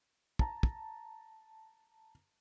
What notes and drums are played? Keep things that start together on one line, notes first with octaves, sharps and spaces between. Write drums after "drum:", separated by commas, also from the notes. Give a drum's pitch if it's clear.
A5 A#5, drum: kick
drum: kick